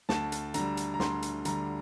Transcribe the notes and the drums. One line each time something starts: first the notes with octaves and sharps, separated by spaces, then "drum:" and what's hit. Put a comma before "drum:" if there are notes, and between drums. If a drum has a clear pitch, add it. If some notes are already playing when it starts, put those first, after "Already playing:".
D2 A5, drum: snare
drum: hi-hat
D3 A#5, drum: hi-hat
G3
drum: hi-hat
A#5
D2 C6, drum: snare
drum: hi-hat
D3 G3 A#5, drum: hi-hat